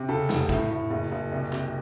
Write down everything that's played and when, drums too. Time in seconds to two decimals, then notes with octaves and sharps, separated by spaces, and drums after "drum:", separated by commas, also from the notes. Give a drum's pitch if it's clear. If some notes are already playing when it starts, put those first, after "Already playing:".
Already playing: C3
0.09 C#3 A4
0.29 F1, drum: snare
0.49 A2, drum: kick
0.70 A2
0.91 F#1
1.12 F#1
1.32 C2
1.53 C3, drum: clap